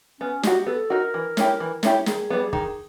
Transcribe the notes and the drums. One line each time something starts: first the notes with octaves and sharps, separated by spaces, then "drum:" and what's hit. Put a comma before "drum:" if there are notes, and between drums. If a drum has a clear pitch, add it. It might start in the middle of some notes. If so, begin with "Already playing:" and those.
B3 C#4
D#4 F#4 G4, drum: snare
B3 A4
D#4 F#4 A#4
E3
A3 C#4 E4 G4, drum: snare
E3
A3 C#4 E4 G4, drum: snare
D#3 G#4, drum: snare
G3 B3
D#3, drum: kick